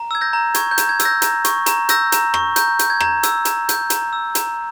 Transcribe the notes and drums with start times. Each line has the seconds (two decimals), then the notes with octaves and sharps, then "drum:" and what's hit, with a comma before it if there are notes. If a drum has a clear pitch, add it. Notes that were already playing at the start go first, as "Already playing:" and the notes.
Already playing: A#5
0.11 E6 G#6
0.21 G6 A#6
0.33 A#5
0.55 C#6 G#6, drum: hi-hat
0.71 G6
0.78 A#5, drum: hi-hat
0.89 G#6
1.00 E6, drum: hi-hat
1.05 G6 A#6
1.22 A#5, drum: hi-hat
1.45 C#6, drum: hi-hat
1.66 A#5, drum: hi-hat
1.89 E6 G6 A#6, drum: hi-hat
2.12 A#5, drum: hi-hat
2.34 C#6, drum: rim click
2.56 A#5 G6, drum: hi-hat
2.79 G6, drum: hi-hat
2.90 G#6
3.00 A#5, drum: rim click
3.23 E6, drum: hi-hat
3.45 A#5, drum: hi-hat
3.69 G6, drum: hi-hat
3.90 A#5, drum: hi-hat
4.13 E6
4.35 A#5, drum: hi-hat